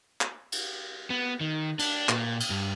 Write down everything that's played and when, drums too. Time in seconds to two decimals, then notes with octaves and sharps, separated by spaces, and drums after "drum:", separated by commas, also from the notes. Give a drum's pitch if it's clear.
0.21 drum: clap
0.52 drum: cymbal
1.10 B3
1.41 D#3
1.79 D4, drum: cymbal
2.09 A#2, drum: clap
2.40 drum: cymbal
2.50 G2